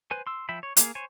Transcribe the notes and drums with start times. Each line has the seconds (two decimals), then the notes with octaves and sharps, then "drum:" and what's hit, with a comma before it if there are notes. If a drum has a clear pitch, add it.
0.11 B4 C5 G#5
0.27 C6 E6
0.49 F3 E5 G5 B5
0.63 C#5
0.77 A#3 G#4, drum: hi-hat
0.95 C5 C#5 G#5